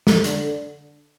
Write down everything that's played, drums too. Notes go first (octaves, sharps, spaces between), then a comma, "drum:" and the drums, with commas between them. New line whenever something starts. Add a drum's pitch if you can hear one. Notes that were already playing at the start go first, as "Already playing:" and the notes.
drum: snare
D3, drum: hi-hat